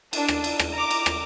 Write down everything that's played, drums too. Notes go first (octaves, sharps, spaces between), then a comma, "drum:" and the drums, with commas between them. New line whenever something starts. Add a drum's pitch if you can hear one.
D4, drum: cymbal
drum: rim click
drum: cymbal
drum: rim click
A#5 D6
drum: cymbal
drum: rim click